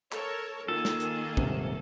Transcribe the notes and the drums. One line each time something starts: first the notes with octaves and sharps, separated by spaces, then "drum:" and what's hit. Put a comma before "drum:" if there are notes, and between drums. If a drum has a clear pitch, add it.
A4 A#4 C#5, drum: clap
D#3 A#3 F4 G#4 A4
drum: snare
drum: hi-hat
D#1 G#1 C3, drum: kick